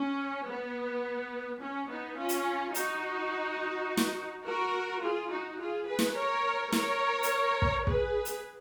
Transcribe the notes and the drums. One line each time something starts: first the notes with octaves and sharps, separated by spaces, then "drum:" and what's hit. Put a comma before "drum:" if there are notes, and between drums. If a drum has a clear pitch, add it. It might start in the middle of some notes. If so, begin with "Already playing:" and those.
Already playing: C#4
B3
C#4
B3 D#4
C#4 F4
drum: hi-hat
D#4 F#4, drum: hi-hat
drum: snare
F#4 A#4
F4 G#4
D#4 F#4
F4 G#4
G#4 B4
drum: snare
A#4 C#5
A#4 C#5, drum: snare
drum: hi-hat
drum: kick
G#4 B4, drum: kick
drum: hi-hat